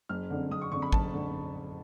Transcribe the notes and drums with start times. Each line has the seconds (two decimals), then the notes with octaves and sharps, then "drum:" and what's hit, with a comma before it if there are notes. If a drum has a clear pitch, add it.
0.09 F#1 F6
0.30 F2 D3
0.51 F#1 D#6
0.61 C#6
0.72 F2 D3 C#6
0.82 B5
0.92 F#1 A5, drum: kick
1.14 D3